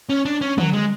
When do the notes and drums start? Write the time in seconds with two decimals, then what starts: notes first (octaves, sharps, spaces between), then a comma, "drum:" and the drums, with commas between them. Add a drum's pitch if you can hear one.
0.09 C#4
0.25 D4
0.41 C#4
0.58 F#3, drum: tom D3
0.73 G#3